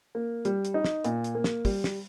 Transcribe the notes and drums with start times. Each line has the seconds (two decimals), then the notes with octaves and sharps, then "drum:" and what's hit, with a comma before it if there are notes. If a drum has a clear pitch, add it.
0.15 A#3
0.45 G3, drum: hi-hat
0.65 drum: hi-hat
0.74 D#4
0.85 drum: snare
1.04 A#2, drum: hi-hat
1.24 drum: hi-hat
1.35 A#3
1.44 drum: snare
1.65 G3, drum: kick, open hi-hat
1.84 drum: snare